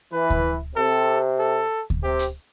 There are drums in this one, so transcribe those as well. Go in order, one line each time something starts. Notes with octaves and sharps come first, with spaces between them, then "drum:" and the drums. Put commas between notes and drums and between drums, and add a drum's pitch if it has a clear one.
E3 B4
drum: kick D2
C3 A4
A4
drum: kick D2
C3 G4
drum: hi-hat